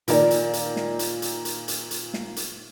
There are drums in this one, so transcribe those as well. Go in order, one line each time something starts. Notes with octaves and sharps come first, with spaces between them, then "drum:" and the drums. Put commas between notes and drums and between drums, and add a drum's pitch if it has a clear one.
A#2 D#3 A#3 A#4 D5, drum: hi-hat
drum: hi-hat
drum: hi-hat
drum: snare
drum: hi-hat
drum: hi-hat
drum: hi-hat
drum: hi-hat
drum: hi-hat
drum: snare
drum: hi-hat